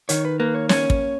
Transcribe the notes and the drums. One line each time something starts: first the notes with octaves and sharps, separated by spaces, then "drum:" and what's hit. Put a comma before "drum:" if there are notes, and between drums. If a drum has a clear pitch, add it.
D#3 C#5, drum: hi-hat
B4
A#3 B4
C#5
C#4 C#5, drum: snare
drum: kick